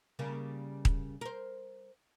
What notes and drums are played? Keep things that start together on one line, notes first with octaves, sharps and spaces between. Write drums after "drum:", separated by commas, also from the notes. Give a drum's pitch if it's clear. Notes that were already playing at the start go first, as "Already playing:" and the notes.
C#3 G3 A#3
drum: kick D#1
A#4 C5